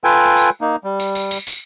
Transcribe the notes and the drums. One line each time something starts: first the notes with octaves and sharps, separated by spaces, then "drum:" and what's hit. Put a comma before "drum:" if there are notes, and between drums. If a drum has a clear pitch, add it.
F4 A4 B4 G5 G#5
drum: tambourine
A#3 D#4
G3
drum: tambourine
drum: tambourine
drum: tambourine
drum: tambourine